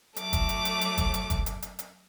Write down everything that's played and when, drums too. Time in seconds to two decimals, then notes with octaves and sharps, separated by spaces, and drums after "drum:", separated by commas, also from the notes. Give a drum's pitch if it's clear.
0.16 F#3 A3 D6, drum: hi-hat
0.33 drum: kick, hi-hat
0.49 drum: hi-hat
0.65 drum: hi-hat
0.81 drum: hi-hat
0.98 drum: kick, hi-hat
1.14 drum: hi-hat
1.30 drum: kick, hi-hat
1.46 drum: hi-hat
1.62 drum: hi-hat
1.79 drum: hi-hat